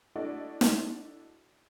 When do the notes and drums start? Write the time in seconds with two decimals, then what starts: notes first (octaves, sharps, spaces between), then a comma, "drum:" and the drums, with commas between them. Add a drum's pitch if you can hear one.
0.16 D4 E4 F#4 A4 D5 D#5
0.61 drum: snare